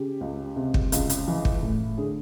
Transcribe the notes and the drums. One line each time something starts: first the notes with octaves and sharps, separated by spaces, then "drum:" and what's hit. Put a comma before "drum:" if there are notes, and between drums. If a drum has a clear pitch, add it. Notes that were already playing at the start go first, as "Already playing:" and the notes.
Already playing: C#3 G4
C#2
C3
drum: kick
C#2, drum: hi-hat
drum: hi-hat
E3
drum: kick
A2
D3 G#4